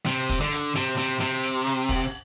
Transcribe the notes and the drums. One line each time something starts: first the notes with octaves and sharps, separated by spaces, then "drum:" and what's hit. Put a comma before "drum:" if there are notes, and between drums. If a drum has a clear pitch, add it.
C3, drum: hi-hat
drum: kick, hi-hat
D3
drum: hi-hat
C3, drum: snare
C3, drum: hi-hat
C3, drum: snare
drum: snare
drum: hi-hat
drum: kick, open hi-hat